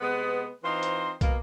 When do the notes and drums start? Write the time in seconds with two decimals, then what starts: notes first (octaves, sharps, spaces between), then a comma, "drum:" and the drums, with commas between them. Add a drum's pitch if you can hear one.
0.01 C3 G#3 B3
0.64 E3 C4 D#4 F4 C5
0.83 drum: hi-hat
1.21 B2 A#3, drum: kick, hi-hat